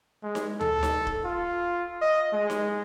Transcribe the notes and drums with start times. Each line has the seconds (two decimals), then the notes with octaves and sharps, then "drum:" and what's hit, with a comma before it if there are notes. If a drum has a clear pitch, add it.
0.23 G#3
0.35 drum: snare D#4
0.61 A4, drum: tom D2
0.83 drum: snare D#4
1.07 drum: kick
1.25 F4
2.02 D#5
2.33 G#3
2.50 drum: snare D#4